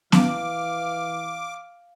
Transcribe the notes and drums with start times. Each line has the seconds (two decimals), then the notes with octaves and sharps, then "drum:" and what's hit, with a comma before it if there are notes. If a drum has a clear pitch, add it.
0.12 E3 F5 D6, drum: snare